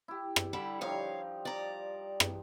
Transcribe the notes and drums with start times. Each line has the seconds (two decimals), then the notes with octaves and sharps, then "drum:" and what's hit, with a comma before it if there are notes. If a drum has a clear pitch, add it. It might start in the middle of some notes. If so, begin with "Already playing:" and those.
0.08 E4 G4
0.36 drum: rim click
0.53 D3 G3 E4
0.81 F3 G3 D#4 C#5 F5
1.45 D5 A#5
2.20 drum: rim click